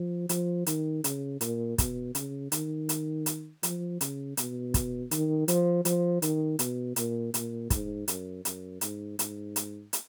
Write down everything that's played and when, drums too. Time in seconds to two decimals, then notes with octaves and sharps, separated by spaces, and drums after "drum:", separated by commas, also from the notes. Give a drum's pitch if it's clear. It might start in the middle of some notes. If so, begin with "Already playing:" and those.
Already playing: F3
0.29 F3, drum: hi-hat
0.66 D#3, drum: hi-hat
1.04 C#3, drum: hi-hat
1.41 A#2, drum: hi-hat
1.78 B2, drum: kick, hi-hat
2.15 C#3, drum: hi-hat
2.52 D#3, drum: hi-hat
2.89 drum: hi-hat
3.26 drum: hi-hat
3.63 F3, drum: hi-hat
4.01 C#3, drum: hi-hat
4.37 B2, drum: hi-hat
4.74 drum: kick, hi-hat
5.11 D#3, drum: hi-hat
5.48 F3, drum: hi-hat
5.85 F3, drum: hi-hat
6.22 D#3, drum: hi-hat
6.59 B2, drum: hi-hat
6.96 A#2, drum: hi-hat
7.34 A#2, drum: hi-hat
7.70 G#2, drum: kick, hi-hat
8.08 F#2, drum: hi-hat
8.45 F#2, drum: hi-hat
8.81 G#2, drum: hi-hat
9.19 G#2, drum: hi-hat
9.56 drum: hi-hat
9.93 drum: hi-hat